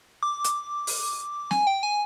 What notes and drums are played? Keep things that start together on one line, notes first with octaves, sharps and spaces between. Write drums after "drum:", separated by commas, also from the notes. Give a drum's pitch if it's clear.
D6
drum: hi-hat
drum: open hi-hat
G#5, drum: snare
G5
G#5